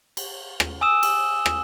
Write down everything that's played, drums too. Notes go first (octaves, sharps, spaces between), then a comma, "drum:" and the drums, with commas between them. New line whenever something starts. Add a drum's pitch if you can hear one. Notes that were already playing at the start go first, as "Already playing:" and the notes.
drum: cymbal
drum: rim click
G#5 D#6 E6 E7
drum: cymbal
drum: rim click